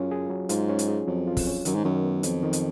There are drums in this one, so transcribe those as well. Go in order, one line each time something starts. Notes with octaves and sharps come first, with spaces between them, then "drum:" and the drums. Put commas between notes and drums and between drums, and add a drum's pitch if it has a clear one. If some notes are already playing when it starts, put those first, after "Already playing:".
Already playing: F#2 F#3 C#4 F4 G#4
G#4
F#3
G#2 F4, drum: hi-hat
C#4
drum: hi-hat
G#4
F2 F#3
F4
drum: kick, open hi-hat
C#4
F#2 D#3, drum: hi-hat
G#2
F#2 D#3
B3
F2 F#3, drum: hi-hat
D#3
drum: hi-hat